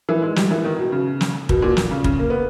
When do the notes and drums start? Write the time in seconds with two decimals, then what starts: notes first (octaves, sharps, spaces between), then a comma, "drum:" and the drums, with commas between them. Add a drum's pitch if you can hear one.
0.09 E3
0.22 G#3
0.36 G3, drum: snare
0.51 E3
0.64 D#3
0.79 B2
0.92 C#3
1.21 drum: snare
1.49 B2, drum: kick
1.62 A#2
1.77 drum: snare
1.91 C#3
2.04 C#3, drum: kick
2.19 A#3
2.30 B3